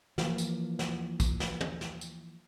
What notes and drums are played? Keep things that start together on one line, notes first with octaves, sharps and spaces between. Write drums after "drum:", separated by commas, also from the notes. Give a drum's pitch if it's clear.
E3 F3 A#3, drum: snare
drum: tambourine
drum: snare
drum: kick, tambourine
drum: snare
drum: tom
drum: snare
drum: tambourine